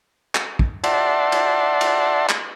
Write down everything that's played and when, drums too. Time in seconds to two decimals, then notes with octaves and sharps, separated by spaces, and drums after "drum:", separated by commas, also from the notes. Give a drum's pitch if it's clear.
0.35 drum: clap
0.59 drum: kick
0.84 D5 E5 F#5 A5 C6, drum: cymbal
1.32 drum: cymbal
1.81 drum: cymbal
2.29 drum: clap